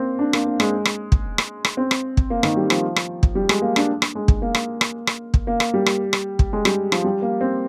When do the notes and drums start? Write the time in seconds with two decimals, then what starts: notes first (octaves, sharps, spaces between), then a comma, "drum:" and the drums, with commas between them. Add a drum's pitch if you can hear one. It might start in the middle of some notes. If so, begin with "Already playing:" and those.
Already playing: A#3 C4
0.19 D4
0.33 A#3, drum: rim click
0.46 A#3
0.60 G#3, drum: rim click
0.85 drum: rim click
1.12 drum: kick
1.38 drum: rim click
1.65 drum: rim click
1.77 C4
1.91 drum: rim click
2.17 drum: kick
2.30 A#3
2.43 D#3, drum: rim click
2.56 G3
2.70 F3, drum: rim click
2.96 drum: rim click
3.23 drum: kick
3.35 G3
3.49 G#3, drum: rim click
3.62 A#3
3.76 D4, drum: rim click
4.02 drum: rim click
4.15 G#3
4.28 drum: kick
4.42 A#3
4.55 drum: rim click
4.81 drum: rim click
5.07 drum: rim click
5.34 drum: kick
5.47 A#3
5.60 drum: rim click
5.74 G3
5.86 drum: rim click
6.13 drum: rim click
6.39 drum: kick
6.53 G#3
6.65 G3, drum: rim click
6.92 F3, drum: rim click
7.04 G3
7.22 A#3
7.41 C4